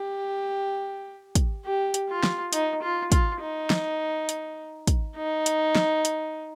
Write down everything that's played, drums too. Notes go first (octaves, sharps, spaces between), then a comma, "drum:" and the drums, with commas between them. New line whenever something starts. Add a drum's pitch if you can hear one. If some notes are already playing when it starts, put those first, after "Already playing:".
Already playing: G4
drum: kick, hi-hat
G4
drum: hi-hat
F4
drum: snare
D#4, drum: hi-hat
F4
F4, drum: kick, hi-hat
D#4
drum: snare
drum: hi-hat
drum: kick, hi-hat
D#4
drum: hi-hat
drum: snare
drum: hi-hat